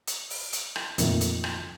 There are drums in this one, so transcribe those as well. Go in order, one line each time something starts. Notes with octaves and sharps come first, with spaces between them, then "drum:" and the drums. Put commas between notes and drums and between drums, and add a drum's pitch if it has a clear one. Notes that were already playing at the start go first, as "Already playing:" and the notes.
drum: hi-hat
drum: open hi-hat
drum: hi-hat
drum: rim click
F2 A#2 D#3 A3, drum: hi-hat
drum: hi-hat
drum: rim click